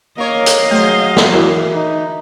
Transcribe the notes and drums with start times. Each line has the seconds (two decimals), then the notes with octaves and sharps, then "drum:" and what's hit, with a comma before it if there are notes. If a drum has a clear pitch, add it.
0.18 A#3 A#4 C#5 D#5 F5
0.46 drum: hi-hat
0.71 F#3 A3 G#4 C5
1.17 drum: snare
1.33 D3 E3 E4 F#4 A#4
1.74 D#4